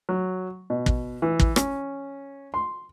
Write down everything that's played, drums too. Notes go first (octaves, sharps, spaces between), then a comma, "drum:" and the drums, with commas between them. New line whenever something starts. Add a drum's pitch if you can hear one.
F#3
B2
drum: kick
E3
drum: kick
C#4, drum: rim click
C6